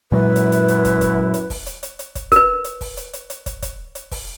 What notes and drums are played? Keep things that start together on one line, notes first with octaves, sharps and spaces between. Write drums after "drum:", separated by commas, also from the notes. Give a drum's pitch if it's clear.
F#2 A#2 F#3 G#3 E4 B4
drum: hi-hat
drum: hi-hat
drum: hi-hat
drum: kick, hi-hat
drum: kick, hi-hat
drum: hi-hat
drum: kick, open hi-hat
drum: hi-hat
drum: hi-hat
drum: hi-hat
drum: kick, hi-hat
A#4 B4, drum: kick, hi-hat
drum: hi-hat
drum: kick, open hi-hat
drum: hi-hat
drum: hi-hat
drum: hi-hat
drum: kick, hi-hat
drum: kick, hi-hat
drum: hi-hat
drum: kick, open hi-hat